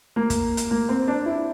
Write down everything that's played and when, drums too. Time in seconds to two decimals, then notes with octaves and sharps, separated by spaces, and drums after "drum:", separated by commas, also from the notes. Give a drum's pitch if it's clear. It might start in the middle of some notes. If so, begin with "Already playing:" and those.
0.16 A#3
0.30 drum: kick, hi-hat
0.57 drum: hi-hat
0.71 A#3
0.89 C4
1.08 D4
1.26 E4